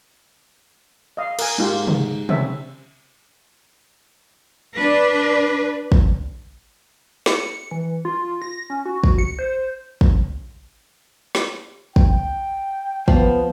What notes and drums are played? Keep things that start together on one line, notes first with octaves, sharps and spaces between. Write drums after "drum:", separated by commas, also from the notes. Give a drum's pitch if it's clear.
D#5 F5
A#4 G#5, drum: cymbal
G#2 A#3 F4 G4
drum: tom C3
C4 C#4 E5, drum: tom C3
D4 B4
drum: kick
C#7, drum: snare
E3
F4
A#6
C#4
F#4
drum: kick
C#7
C5
drum: kick
drum: snare
G5, drum: kick
F3 B3, drum: kick